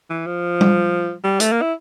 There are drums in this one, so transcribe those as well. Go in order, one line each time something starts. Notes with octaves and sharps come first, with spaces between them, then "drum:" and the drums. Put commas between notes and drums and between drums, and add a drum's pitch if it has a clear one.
E3
F3
drum: tom G3
G3
A3, drum: hi-hat
A#3
E4